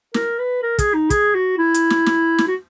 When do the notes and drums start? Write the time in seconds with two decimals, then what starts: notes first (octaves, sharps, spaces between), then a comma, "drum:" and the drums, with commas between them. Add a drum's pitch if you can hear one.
0.14 A#4, drum: snare
0.39 B4
0.62 A#4
0.78 G#4, drum: kick, hi-hat
0.94 D#4
1.10 G#4, drum: kick, hi-hat
1.35 F#4
1.58 E4
1.74 drum: hi-hat
1.90 drum: snare
2.06 drum: snare
2.38 drum: snare
2.48 F#4